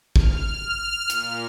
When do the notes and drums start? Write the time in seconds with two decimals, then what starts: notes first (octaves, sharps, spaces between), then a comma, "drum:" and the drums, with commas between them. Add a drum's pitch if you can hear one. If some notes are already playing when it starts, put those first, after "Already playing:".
0.16 F6, drum: kick
1.10 A#2, drum: hi-hat